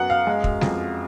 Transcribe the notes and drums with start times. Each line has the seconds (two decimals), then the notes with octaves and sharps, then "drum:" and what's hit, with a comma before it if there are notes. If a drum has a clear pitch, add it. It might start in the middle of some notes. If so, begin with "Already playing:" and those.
Already playing: F#2 B3 F#5
0.10 F5
0.27 G#3
0.44 drum: kick
0.61 F2, drum: snare G3